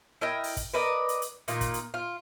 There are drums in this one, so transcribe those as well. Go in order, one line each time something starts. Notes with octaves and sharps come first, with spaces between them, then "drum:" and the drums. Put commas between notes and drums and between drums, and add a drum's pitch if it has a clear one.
E4 A#4 D#5 G5
drum: open hi-hat
drum: kick, hi-hat
A#4 B4 D5 D#5
drum: hi-hat
drum: hi-hat
A#2 D#3 A#3 F4, drum: hi-hat
drum: kick, hi-hat
drum: hi-hat
F4